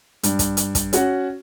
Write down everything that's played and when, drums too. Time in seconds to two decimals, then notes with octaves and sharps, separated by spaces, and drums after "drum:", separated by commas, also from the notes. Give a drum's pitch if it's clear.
0.23 G2, drum: hi-hat
0.39 drum: kick, hi-hat
0.57 drum: hi-hat
0.75 drum: kick, hi-hat
0.93 C#4 F#4 F#5, drum: hi-hat